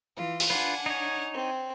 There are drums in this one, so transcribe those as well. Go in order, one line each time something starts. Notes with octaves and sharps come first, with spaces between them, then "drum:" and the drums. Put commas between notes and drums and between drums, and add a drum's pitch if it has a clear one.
E3 F4
drum: open hi-hat
D4 F4 B4 F#5 G#5
D#4 C#5
C4